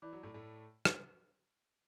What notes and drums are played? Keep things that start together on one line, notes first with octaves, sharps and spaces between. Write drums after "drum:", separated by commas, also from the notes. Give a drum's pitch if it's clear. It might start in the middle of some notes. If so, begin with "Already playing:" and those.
E3 E4 D5 B5 D6
F#3
A2 A3
A2 A3
drum: rim click